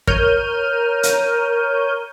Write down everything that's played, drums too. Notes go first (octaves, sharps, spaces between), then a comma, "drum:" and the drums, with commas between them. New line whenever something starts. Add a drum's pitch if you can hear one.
A#4 C#5 F6 G6 D#7, drum: kick
drum: hi-hat